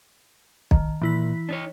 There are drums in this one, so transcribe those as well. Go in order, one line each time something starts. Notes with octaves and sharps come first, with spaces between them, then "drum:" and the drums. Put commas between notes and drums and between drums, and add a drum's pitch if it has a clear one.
D#3, drum: kick B1
A#2 E3 E4 B6
D4 D#4 C#5